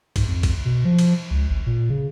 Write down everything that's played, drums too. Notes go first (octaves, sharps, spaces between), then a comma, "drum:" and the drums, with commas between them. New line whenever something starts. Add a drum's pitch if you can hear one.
G#2, drum: kick A1, cymbal
F2
drum: kick A1, cymbal
B2
F3
drum: cymbal
C#2
G#1
A#2
C#3